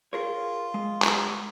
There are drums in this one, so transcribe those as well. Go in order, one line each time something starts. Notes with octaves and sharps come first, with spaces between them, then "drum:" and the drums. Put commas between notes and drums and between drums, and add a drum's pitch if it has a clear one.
F4 G#4 A#4 C#5
G#3
drum: clap